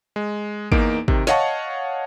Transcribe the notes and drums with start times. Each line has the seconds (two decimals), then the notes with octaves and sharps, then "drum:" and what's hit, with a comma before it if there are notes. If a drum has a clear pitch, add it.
0.16 G#3
0.72 E2 A#3 D#4 D7, drum: kick
1.08 C3 D#3, drum: kick
1.27 C#5 D#5 F5 F#5 A5 C#6, drum: snare